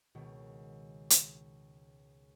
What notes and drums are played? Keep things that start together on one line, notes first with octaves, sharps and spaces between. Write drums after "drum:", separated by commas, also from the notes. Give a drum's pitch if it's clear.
C#2 B2 D#3
drum: hi-hat